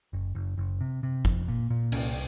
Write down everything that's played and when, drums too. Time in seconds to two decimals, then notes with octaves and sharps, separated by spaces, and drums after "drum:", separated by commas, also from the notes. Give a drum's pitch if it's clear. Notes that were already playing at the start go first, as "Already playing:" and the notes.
0.13 F#1
0.35 F#1
0.58 F#1
0.81 C3
1.03 C3
1.25 F2, drum: kick
1.48 A#2
1.70 A#2
1.92 C2 C#4, drum: cymbal